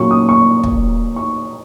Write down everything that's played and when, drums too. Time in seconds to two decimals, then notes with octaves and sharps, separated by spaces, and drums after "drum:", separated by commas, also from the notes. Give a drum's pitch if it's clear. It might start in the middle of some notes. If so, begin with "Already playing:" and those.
Already playing: A#2 F#3 A#3 C#4 C#6
0.11 D#6
0.29 C#6
0.64 drum: kick
1.16 C#6